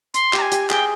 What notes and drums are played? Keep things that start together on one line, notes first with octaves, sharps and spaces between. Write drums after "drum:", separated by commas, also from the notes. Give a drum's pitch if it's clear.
C6, drum: hi-hat
G4 A#5, drum: clap
G#5
G4, drum: hi-hat
G#4 G5, drum: clap